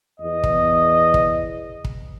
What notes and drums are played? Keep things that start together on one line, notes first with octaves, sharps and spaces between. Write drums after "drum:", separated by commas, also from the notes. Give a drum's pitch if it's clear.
E2 D#5
drum: kick
drum: kick
drum: kick